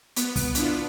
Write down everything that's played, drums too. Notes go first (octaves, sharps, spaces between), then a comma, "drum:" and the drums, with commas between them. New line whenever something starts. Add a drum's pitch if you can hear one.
B3, drum: hi-hat
drum: kick, open hi-hat
B3 D4 E4 F4, drum: hi-hat